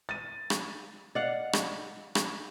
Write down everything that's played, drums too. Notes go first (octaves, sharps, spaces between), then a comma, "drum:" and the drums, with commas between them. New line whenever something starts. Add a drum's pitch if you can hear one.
A6 D#7
drum: rim click
D5 D#5 F5 F#5
drum: rim click
drum: rim click